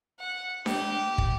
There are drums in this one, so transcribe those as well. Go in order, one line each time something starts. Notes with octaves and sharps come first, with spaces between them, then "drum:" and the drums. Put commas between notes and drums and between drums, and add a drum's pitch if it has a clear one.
F#5
G4, drum: snare D4
drum: kick